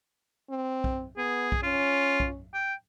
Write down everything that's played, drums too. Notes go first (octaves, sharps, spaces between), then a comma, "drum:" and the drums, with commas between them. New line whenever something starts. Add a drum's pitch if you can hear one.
C4
drum: kick B1
B3 G#4
drum: kick B1
C#4 F4
drum: kick B1
G5